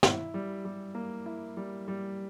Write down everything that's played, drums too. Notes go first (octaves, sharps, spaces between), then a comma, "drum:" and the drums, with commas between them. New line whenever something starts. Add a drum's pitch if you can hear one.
E4, drum: snare
G3
G3
A#3
E4
G3
G3